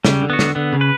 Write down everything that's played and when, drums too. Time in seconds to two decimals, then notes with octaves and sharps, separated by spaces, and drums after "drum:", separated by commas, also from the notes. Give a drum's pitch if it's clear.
0.04 C#3 G3, drum: snare
0.22 D3
0.30 B3 F#4
0.39 D3, drum: snare
0.55 D3 B3
0.73 C#3
0.81 B4